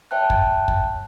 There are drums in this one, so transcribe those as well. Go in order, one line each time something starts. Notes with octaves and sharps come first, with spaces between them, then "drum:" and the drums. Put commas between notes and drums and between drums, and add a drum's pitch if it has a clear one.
C#5 E5 G5 A5 F#6
drum: kick
drum: kick